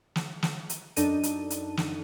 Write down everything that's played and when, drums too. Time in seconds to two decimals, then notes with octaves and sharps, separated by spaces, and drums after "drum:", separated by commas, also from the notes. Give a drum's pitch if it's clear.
0.16 drum: snare
0.43 drum: snare
0.69 drum: hi-hat
0.96 F#2 D4 D#4 A4 D#7, drum: hi-hat
1.23 drum: hi-hat
1.50 drum: hi-hat
1.77 drum: snare